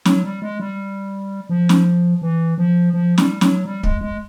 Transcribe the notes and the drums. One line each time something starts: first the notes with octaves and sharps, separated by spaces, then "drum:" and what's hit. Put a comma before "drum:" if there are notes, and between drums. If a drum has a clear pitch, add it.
F#3, drum: snare
G3
G#3
G3
F3
drum: snare
E3
F3
F3
G3, drum: snare
F#3, drum: snare
G3
G#3, drum: kick
G#3